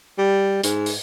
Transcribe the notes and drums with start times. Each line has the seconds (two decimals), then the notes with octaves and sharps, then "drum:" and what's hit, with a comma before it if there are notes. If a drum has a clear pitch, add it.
0.18 G3
0.64 G#2, drum: hi-hat
0.86 drum: open hi-hat